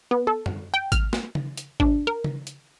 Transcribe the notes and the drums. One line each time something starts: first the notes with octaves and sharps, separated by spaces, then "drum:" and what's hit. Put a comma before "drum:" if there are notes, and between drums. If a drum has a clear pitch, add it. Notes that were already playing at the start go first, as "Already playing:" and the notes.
B3
A4
drum: tom
G5
F6, drum: kick G#1, hi-hat
drum: snare
drum: tom C#3
drum: hi-hat
D4, drum: kick G#1
A#4
drum: tom C#3
drum: hi-hat